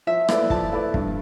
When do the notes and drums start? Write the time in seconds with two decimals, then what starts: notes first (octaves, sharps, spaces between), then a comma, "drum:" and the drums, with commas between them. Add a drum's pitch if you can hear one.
0.07 F3 E5
0.29 A3 E4 B4 D5, drum: rim click
0.50 F3 A5, drum: kick
0.72 A3 E4 B4 D5
0.94 G2, drum: kick